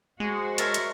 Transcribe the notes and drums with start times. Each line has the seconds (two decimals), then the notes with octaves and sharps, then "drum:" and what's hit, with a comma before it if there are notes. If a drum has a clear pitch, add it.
0.20 G#3 F#4 C5
0.58 A#4 C#5 E5 A5, drum: hi-hat
0.74 drum: hi-hat